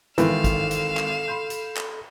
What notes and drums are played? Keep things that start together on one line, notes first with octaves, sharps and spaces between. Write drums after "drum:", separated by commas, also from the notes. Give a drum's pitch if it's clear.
G#1 D#3 E3 A4 F5 E7, drum: hi-hat
drum: kick, hi-hat
drum: hi-hat
drum: clap
B5 C6 G6
drum: hi-hat
drum: clap